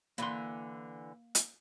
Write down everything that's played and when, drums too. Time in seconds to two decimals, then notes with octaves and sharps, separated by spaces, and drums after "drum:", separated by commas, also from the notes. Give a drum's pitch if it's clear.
0.18 D3 E3 A#3 C6
1.35 drum: hi-hat